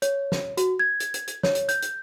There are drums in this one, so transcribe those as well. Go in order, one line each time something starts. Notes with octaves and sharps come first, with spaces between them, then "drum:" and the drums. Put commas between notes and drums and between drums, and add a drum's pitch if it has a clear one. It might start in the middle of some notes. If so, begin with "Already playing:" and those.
C#5, drum: hi-hat
drum: snare
F#4, drum: hi-hat
G#6
drum: hi-hat
drum: hi-hat
drum: hi-hat
C#5, drum: snare
drum: hi-hat
G6, drum: hi-hat
drum: hi-hat